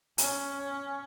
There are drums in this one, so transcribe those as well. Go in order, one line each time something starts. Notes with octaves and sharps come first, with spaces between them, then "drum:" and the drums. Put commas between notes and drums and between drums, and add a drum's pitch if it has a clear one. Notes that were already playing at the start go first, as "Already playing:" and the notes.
C#4, drum: hi-hat